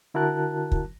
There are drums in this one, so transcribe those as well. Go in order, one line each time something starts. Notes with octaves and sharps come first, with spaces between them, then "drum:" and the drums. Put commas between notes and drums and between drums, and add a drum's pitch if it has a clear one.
D3 E4 F#4 A#4 A5 F#6
drum: kick